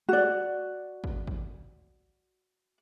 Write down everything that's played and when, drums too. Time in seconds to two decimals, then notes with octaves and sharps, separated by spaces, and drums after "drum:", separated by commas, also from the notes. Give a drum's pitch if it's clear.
0.09 F#4 D5
1.04 drum: kick
1.27 drum: kick